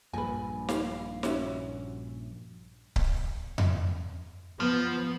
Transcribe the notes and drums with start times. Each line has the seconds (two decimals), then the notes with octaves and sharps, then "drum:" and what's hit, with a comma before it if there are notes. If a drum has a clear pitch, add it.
0.13 A#1 G2 A#2 B4 G#5
0.69 F5, drum: snare
1.23 C#4 F#4 E5, drum: snare
2.96 drum: kick C#1
3.58 drum: tom F2
4.60 F3 B3